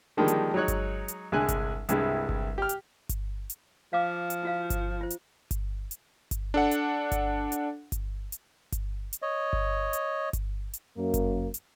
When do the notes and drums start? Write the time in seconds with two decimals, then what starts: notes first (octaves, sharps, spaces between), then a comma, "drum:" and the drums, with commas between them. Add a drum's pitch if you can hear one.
0.17 D3 D#3 F3 G3 G#3 A#3
0.28 drum: hi-hat
0.54 F#3 G#3 D#4 C#5 F#6
0.68 drum: kick G1, hi-hat
1.08 drum: hi-hat
1.32 C2 D3 G#3 G#5 F#6
1.48 drum: kick G1, hi-hat
1.89 C2 G2 G#3 E4, drum: hi-hat
2.29 drum: kick G1
2.58 G4 F6
2.69 drum: hi-hat
3.09 drum: kick G1, hi-hat
3.50 drum: hi-hat
3.93 F3 F5 D6
4.30 drum: hi-hat
4.43 E4 F#4 F5
4.70 drum: kick G1, hi-hat
5.01 F4 C5
5.10 drum: hi-hat
5.51 drum: kick G1, hi-hat
5.91 drum: hi-hat
6.31 drum: kick G1, hi-hat
6.54 D4 A4 F#5
6.71 drum: hi-hat
7.12 drum: kick G1, hi-hat
7.52 drum: hi-hat
7.92 drum: kick G1, hi-hat
8.32 drum: hi-hat
8.72 drum: kick G1, hi-hat
9.13 drum: hi-hat
9.22 C#5 D#5
9.53 drum: kick G1
9.93 drum: hi-hat
10.33 drum: kick G1, hi-hat
10.73 drum: hi-hat
10.97 F#2 A#3
11.14 drum: kick G1, hi-hat
11.54 drum: hi-hat